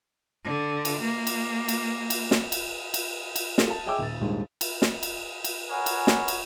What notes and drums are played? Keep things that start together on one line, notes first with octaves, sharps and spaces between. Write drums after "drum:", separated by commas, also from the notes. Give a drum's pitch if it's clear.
D3
drum: cymbal
A#3
drum: cymbal
drum: cymbal
drum: cymbal
drum: snare
drum: cymbal
drum: cymbal
drum: cymbal
F4 G4 A4 A#4, drum: snare
A5
G#4 D#5 E5 G5 D6 E6
D#1 A6
A#1 D#2 G#2 G3 G#3
drum: cymbal
drum: snare
drum: cymbal
drum: cymbal
G#4 A#4 B4 C#5 F#5 G#5
drum: cymbal
drum: snare
drum: cymbal